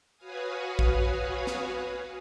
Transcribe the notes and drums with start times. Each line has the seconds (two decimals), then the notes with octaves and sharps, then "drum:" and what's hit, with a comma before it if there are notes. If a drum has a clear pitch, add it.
0.17 F#4 B4 C#5 F5 G#5 D#6
0.79 drum: kick
1.47 drum: snare